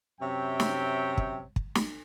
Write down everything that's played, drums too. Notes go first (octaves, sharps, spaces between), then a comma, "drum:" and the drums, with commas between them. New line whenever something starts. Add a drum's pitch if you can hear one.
F#2 C3 C#5 E5 G5
drum: snare
drum: kick
drum: kick
drum: snare